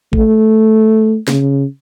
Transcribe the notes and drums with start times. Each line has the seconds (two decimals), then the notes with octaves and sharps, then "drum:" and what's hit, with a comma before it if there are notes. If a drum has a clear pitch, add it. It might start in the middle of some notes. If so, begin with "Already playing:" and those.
0.13 A3, drum: kick
1.28 C#3, drum: snare